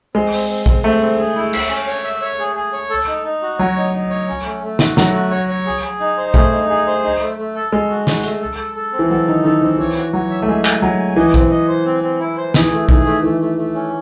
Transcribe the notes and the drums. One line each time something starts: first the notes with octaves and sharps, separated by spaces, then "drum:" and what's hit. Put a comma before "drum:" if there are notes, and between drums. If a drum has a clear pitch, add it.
G#3 C4
C4, drum: open hi-hat
C4
C4, drum: kick A#1
A3 C4
C4
G#4
E4
E5, drum: cymbal
C#4
C#5
E5
C#5
G#4
G#4
C#5
A4
D#4
D#4
F#4
F#3 C#5
D#4
D#4
C#5
C#4
A3
A3
F#4, drum: snare
F#3 A3, drum: snare
F#4
C#5
C#5
G#4
G#4
D#4
C5
A3 G#4, drum: kick A#1
D#4
G#4
C5
D#4
A3
A3
A4
G#3 A4
F#4
F#4, drum: snare
A3, drum: hi-hat
A4
A4
A4
C4
E3
F#3 A4
D#3 D#4
D#3 A4
D#3 C4
E3 C#5
F#4
F#3 C#5
E5
A3
G#3 G#5
G#5, drum: clap
F#3 G#5
G#5
E3 D#5
C4, drum: kick A#1
D#5
C5
C4
C4
E4
C5
E3 G#4, drum: snare
A3
D#3 G#4, drum: kick A#1
A3
E3 A3
A3
A3
C#4